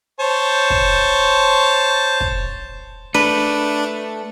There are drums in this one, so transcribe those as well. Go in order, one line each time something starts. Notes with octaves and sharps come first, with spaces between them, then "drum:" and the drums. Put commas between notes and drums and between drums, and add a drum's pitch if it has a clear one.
C5 C#5 A5
drum: kick
drum: kick
A3 D4 B4